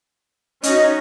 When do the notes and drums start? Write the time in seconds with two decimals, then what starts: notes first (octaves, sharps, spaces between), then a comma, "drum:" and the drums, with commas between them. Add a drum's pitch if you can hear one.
0.63 C#4 D#4 F#4 D#5, drum: hi-hat